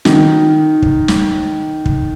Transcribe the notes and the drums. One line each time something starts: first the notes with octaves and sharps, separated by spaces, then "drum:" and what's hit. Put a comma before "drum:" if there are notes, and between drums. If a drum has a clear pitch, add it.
D#3, drum: snare
drum: kick
drum: snare
drum: kick